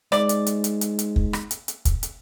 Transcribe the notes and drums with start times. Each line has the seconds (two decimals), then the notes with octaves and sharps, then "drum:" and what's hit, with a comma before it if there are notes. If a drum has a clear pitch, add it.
0.12 G#2 D5, drum: rim click
0.29 drum: hi-hat
0.47 drum: hi-hat
0.64 drum: hi-hat
0.81 drum: hi-hat
0.99 drum: hi-hat
1.16 drum: kick
1.33 drum: rim click
1.51 drum: hi-hat
1.68 drum: hi-hat
1.85 drum: kick, hi-hat
2.03 drum: hi-hat